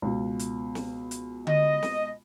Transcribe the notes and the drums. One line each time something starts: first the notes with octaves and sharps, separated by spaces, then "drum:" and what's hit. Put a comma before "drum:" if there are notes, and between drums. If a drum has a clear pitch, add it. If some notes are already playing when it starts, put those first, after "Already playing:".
C#2 B2
drum: hi-hat
drum: snare
drum: hi-hat
D#5, drum: tom D3
drum: snare